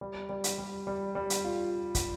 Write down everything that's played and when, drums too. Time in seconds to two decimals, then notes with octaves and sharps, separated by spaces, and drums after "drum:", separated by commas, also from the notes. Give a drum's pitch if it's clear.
0.01 G3
0.29 G3
0.44 drum: hi-hat
0.58 G3
0.87 G3
1.15 G3
1.30 drum: hi-hat
1.44 F4
1.95 drum: kick, hi-hat